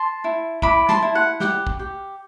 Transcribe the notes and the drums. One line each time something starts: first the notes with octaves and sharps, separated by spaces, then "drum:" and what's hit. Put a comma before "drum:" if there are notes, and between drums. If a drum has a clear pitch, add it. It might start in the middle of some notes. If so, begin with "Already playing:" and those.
Already playing: A5 C6
E4
E4 B5 D6, drum: kick
A5 C6, drum: snare
E4
F#5
G4 F#5, drum: snare
drum: kick
G4